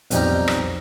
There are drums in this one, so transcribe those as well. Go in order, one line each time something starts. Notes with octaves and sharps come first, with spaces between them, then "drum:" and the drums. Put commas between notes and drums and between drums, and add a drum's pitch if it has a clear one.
B1 F2 G3 D#4 G4 A#5, drum: hi-hat
drum: rim click